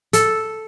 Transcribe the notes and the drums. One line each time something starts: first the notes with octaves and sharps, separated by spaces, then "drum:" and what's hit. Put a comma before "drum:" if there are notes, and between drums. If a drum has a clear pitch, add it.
A4, drum: hi-hat